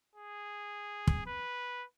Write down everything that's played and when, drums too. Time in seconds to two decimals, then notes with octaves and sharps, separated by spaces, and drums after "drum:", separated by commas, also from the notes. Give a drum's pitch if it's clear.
0.16 G#4
1.07 drum: kick
1.26 B4